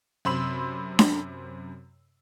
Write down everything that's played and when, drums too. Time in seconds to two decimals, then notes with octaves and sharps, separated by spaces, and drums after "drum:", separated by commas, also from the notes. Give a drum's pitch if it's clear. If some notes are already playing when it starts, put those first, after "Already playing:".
0.25 F#2 C3 B5 C6 E6 F#7
0.99 drum: snare D4